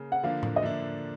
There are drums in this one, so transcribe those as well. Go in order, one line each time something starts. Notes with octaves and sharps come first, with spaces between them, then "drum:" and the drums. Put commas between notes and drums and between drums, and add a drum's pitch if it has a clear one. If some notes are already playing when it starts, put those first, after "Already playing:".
Already playing: C#3 A#3
F#5
D3 F3 A#3 D4 F5
drum: tom A2
D#5
D3 F3 A#3 D4 E5